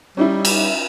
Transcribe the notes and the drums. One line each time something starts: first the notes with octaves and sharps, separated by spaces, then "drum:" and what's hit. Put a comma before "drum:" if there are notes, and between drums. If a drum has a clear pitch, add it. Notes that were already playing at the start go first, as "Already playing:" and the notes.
G3 C#4 D#4 E4
drum: cymbal